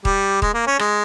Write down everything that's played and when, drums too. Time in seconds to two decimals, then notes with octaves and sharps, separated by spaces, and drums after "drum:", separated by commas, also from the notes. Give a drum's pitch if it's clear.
0.05 G3, drum: kick D#1
0.42 G#3, drum: kick D#1
0.54 A#3
0.67 C#4
0.79 G#3, drum: rim click